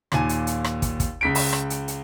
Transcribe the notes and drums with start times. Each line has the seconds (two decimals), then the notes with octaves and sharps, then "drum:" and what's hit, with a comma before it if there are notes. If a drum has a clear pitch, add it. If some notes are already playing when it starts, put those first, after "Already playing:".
0.12 D#2 A#2 G#5, drum: rim click
0.29 drum: hi-hat
0.47 drum: hi-hat
0.64 drum: rim click
0.82 drum: kick, hi-hat
1.00 drum: kick, hi-hat
1.21 C#2 B6 D7
1.35 drum: open hi-hat
1.53 drum: rim click
1.70 drum: hi-hat
1.88 drum: hi-hat